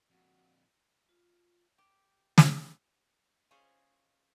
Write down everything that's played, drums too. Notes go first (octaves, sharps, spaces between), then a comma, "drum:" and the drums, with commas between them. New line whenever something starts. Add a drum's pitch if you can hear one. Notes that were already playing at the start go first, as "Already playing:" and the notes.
F2 A#2 F#4
F4
G4
drum: snare
C#4 F4 G#4 C5 C#5 D#5